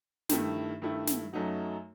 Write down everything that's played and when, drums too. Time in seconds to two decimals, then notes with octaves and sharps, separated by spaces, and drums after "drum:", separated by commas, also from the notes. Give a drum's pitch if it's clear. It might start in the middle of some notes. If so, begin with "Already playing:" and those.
0.29 G2 D#3 A3 E4, drum: snare
0.82 G2 D#3 A3 E4
1.07 drum: snare
1.33 F#2 F#3 A3 D#4 F#4